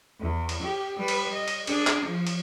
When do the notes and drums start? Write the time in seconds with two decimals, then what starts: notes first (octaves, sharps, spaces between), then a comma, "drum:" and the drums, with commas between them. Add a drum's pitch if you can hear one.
0.21 E2
0.49 drum: cymbal
0.63 G4
0.97 G3 B4
1.08 drum: cymbal
1.33 D#5
1.48 drum: cymbal
1.67 D4 G#4, drum: cymbal
1.87 drum: clap
2.05 F3
2.27 drum: cymbal